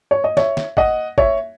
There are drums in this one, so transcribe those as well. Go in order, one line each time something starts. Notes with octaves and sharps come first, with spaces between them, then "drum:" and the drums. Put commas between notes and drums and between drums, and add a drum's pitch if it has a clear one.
C#5
D#5
C#5 E5, drum: snare
drum: snare
D#5 F#5, drum: kick
C#5 E5, drum: kick